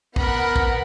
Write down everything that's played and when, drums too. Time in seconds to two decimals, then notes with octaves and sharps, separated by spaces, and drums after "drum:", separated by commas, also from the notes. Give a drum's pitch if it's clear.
0.16 B3 A#4 F#5 B5, drum: kick
0.56 drum: kick